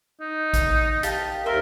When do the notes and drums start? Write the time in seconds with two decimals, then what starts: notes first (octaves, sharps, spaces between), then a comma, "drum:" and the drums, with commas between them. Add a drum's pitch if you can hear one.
0.20 D#4
0.54 drum: kick A#1, hi-hat
1.03 G4 F5 A5, drum: hi-hat
1.46 D#2 A#4 C5 E5